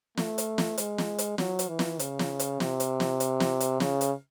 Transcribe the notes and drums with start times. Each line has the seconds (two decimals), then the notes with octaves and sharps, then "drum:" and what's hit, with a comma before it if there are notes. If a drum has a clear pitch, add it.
0.17 A3, drum: snare
0.38 drum: hi-hat
0.58 drum: snare
0.78 G#3, drum: hi-hat
0.98 drum: snare
1.18 drum: hi-hat
1.38 F#3, drum: snare
1.59 drum: hi-hat
1.68 E3
1.79 drum: snare
1.99 C#3, drum: hi-hat
2.19 drum: snare
2.39 drum: hi-hat
2.60 C3, drum: snare
2.80 drum: hi-hat
3.00 drum: snare
3.20 drum: hi-hat
3.40 drum: snare
3.60 drum: hi-hat
3.80 C#3, drum: snare
4.01 drum: hi-hat